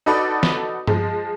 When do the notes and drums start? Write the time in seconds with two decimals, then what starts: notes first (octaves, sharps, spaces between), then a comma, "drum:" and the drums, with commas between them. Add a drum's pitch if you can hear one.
0.06 D#4 F#4 A4 B4 D5
0.43 drum: snare
0.87 F3 G#3, drum: tom G2